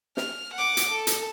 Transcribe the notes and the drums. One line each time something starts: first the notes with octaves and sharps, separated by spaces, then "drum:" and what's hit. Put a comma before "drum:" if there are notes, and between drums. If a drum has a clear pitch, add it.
F6, drum: snare
F#5 D6
drum: hi-hat
A4
drum: hi-hat